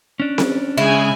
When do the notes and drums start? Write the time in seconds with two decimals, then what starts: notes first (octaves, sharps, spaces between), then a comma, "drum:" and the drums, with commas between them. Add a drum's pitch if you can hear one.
0.20 C#4 D4
0.38 drum: snare C4
0.78 C#3 G#3 E4 G#5